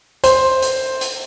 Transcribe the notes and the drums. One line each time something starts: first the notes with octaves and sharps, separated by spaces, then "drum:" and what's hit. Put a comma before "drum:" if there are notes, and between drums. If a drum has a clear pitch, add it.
C5, drum: hi-hat
drum: hi-hat
drum: hi-hat